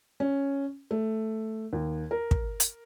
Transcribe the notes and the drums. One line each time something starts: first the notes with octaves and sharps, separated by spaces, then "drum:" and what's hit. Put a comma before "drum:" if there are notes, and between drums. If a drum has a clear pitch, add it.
C#4
A3
D#2
A#4
drum: kick
drum: hi-hat